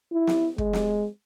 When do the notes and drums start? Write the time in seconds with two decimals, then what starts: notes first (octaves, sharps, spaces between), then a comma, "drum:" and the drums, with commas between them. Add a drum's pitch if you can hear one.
0.12 E4
0.27 drum: snare
0.58 G#3, drum: kick
0.73 drum: snare